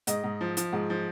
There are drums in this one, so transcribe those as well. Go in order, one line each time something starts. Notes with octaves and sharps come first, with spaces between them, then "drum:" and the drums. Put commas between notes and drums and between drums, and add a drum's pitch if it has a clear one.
G#2 D#5, drum: hi-hat
G#2
F3
F3, drum: hi-hat
G#2
F3